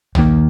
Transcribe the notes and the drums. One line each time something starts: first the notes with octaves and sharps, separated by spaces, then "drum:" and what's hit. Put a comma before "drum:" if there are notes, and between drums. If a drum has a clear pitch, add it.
D#2 D#3 A#3, drum: tom